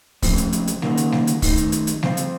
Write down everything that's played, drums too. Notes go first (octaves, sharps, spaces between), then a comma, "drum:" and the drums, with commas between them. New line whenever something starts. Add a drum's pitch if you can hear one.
F2 C#3 F3 A3 C4, drum: kick, open hi-hat
drum: hi-hat
drum: hi-hat
drum: hi-hat
D#3 A#3 C#4 F#4, drum: snare G3
drum: hi-hat
drum: snare G3
drum: hi-hat
F#2 D#3 A3 D#4, drum: kick, open hi-hat
drum: hi-hat
drum: hi-hat
drum: hi-hat
F3 C4 F4, drum: snare G3
drum: hi-hat